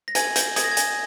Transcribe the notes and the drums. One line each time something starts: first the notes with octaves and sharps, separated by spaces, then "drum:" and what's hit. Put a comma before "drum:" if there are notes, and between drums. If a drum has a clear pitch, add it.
A#6
G#5 G#6, drum: hi-hat
G6, drum: hi-hat
D#6 G#6, drum: hi-hat
A#6
G#6
G#5, drum: hi-hat